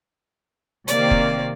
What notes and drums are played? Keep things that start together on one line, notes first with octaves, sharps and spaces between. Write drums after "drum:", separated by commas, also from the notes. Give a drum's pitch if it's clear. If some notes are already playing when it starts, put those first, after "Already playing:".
C3 D#3 A#3 D5, drum: hi-hat
drum: kick F1